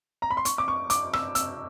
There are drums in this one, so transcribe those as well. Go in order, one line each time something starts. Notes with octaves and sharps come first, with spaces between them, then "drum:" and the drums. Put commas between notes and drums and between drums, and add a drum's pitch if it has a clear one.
A#5
B5
C6
C#6, drum: hi-hat
D6
C#6
D6, drum: hi-hat
E6, drum: rim click
E6, drum: hi-hat